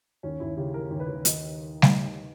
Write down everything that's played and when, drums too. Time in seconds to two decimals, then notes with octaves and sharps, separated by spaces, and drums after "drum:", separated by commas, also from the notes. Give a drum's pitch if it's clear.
0.23 D#2 C#4
0.40 D#2 E4
0.57 C#3 G4
0.74 E3 A#4
0.91 D#2
1.00 B4
1.08 D#2
1.25 D#3 D#5, drum: hi-hat
1.82 drum: snare G3